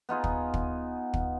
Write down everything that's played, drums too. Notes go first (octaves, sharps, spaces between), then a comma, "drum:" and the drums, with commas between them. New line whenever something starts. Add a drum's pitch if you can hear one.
B3 D#4 F4 G#4
drum: kick
drum: kick
drum: kick